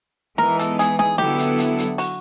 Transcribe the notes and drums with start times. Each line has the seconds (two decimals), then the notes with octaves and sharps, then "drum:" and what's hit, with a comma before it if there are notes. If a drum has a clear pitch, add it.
0.38 E3 G#3 B3 D#4 A#4, drum: snare
0.59 A4, drum: hi-hat
0.79 G#4, drum: hi-hat
0.99 G#4, drum: snare
1.18 D3 F#3 B3 E4 G4 A4, drum: snare
1.38 drum: hi-hat
1.58 drum: hi-hat
1.78 drum: hi-hat
1.98 F#4, drum: open hi-hat